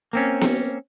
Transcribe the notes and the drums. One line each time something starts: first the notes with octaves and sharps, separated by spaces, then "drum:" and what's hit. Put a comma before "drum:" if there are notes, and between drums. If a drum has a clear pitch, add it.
A#3 C4 C#4
drum: snare B3